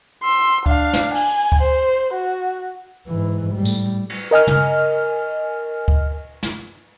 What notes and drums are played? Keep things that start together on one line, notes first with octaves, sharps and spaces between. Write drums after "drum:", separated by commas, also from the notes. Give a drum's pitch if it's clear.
C6 E6
D4 F5, drum: kick D2
drum: snare
G#5, drum: open hi-hat
drum: kick D2
C5
F#4
G#2 E3
A2 G3
drum: tambourine
drum: cymbal
A#4 D#5 G#5 F6
drum: tom
drum: kick D2
drum: snare